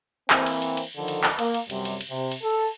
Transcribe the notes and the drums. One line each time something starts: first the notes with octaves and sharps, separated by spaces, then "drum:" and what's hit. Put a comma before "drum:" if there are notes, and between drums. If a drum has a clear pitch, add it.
E3 A#3 C4, drum: clap
drum: cymbal
drum: cymbal
drum: cymbal
D3 D#3 F3 A4
drum: cymbal
drum: clap
A#3, drum: cymbal
drum: cymbal
F#2 C3 G3, drum: cymbal
drum: cymbal
drum: cymbal
C3
drum: cymbal
A4